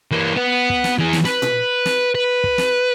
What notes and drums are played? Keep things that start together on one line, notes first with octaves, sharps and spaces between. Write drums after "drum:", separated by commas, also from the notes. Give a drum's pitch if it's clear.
E3 A#3
B3
drum: kick
drum: snare
E3 G#4
drum: snare
B4, drum: snare
drum: tom A#2
drum: snare
B4
drum: kick
drum: snare